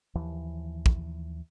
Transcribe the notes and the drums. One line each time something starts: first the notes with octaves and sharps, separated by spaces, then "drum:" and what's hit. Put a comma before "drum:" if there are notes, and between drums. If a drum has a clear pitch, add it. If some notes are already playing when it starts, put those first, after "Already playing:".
D#2 E3 F3
drum: kick